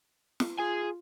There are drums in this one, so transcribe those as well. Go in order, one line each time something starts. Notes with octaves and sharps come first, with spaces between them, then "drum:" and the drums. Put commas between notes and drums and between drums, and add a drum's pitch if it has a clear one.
drum: snare
F4 G#4 G#5